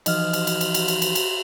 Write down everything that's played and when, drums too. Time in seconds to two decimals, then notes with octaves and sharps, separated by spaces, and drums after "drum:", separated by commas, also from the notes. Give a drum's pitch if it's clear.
0.06 E3 F3 D#4 D#5 F6, drum: cymbal
0.33 drum: cymbal
0.47 drum: cymbal
0.61 drum: cymbal
0.74 drum: cymbal
0.88 drum: cymbal
1.02 drum: cymbal
1.15 drum: cymbal